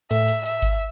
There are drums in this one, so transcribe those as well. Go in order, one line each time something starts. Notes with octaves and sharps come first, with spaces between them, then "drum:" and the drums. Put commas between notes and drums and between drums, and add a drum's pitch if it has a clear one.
A2 E5, drum: hi-hat
drum: hi-hat
E5, drum: hi-hat
drum: kick G#1, hi-hat